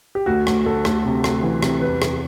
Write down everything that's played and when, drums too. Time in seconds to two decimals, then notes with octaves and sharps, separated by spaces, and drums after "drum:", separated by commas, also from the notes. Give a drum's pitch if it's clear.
0.15 G4
0.26 D2 F#4
0.47 D2, drum: rim click
0.66 D2 A4
0.85 D2, drum: rim click
1.05 C3
1.24 D2, drum: rim click
1.43 E3
1.63 C3, drum: rim click
1.82 E2 B4
2.02 C3, drum: rim click